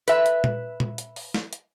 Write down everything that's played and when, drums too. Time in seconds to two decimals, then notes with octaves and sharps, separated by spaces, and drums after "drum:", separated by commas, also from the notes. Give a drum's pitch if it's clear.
0.08 B4 E5, drum: hi-hat
0.26 drum: hi-hat
0.44 drum: tom A#2
0.80 drum: tom A#2
0.98 drum: hi-hat
1.16 drum: open hi-hat
1.34 drum: snare
1.53 drum: hi-hat